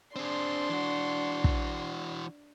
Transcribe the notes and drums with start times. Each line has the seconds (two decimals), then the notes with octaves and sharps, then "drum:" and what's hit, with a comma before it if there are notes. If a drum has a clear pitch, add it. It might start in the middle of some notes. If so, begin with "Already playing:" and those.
0.16 C4 D4 G#4 C6
0.69 E3 F#4
1.44 drum: kick